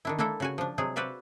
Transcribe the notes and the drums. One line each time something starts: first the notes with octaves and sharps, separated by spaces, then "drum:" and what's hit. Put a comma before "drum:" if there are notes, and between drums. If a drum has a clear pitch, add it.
D#3 D4 E4
A#3 D4 E4 A4, drum: tom G#3
C#3 F#4 G#5
F3 D4
C3 F#3 G#3 G#4
F#4 B4 C5 D5 E5 F5